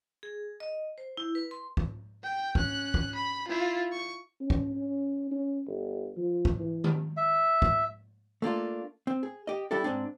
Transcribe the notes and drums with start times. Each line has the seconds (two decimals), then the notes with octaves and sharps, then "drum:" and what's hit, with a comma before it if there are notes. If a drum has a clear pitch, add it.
0.23 G#4
0.60 D#5
0.98 C5
1.17 E4
1.35 B4
1.51 C6
1.77 drum: kick
2.23 G5
2.55 C#4 F#6, drum: kick
2.94 drum: kick
3.15 B5
3.48 E4 F4
3.92 C#6
4.41 C#4
4.50 drum: kick
4.75 C#4
5.31 C#4
5.67 G1
6.17 F3
6.45 drum: kick
6.59 E3
6.84 drum: tom D#3
7.17 E5
7.62 drum: kick
8.42 A3 A#3 D4 F4
9.07 C4
9.23 G#4
9.47 G4 D#5
9.71 G3 D4 E4 G4 A4
9.84 G#2 G#3 C4 D4